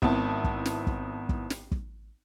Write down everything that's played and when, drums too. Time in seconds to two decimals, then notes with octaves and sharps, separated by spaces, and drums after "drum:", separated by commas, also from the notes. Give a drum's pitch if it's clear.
0.02 G#1 B3 C4 E4 A5, drum: kick
0.44 drum: kick
0.66 drum: snare
0.87 drum: kick
1.29 drum: kick
1.50 drum: snare
1.71 drum: kick